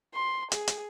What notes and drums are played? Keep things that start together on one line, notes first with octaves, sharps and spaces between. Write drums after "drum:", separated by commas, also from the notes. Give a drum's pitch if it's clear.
C6
G#4, drum: hi-hat
drum: hi-hat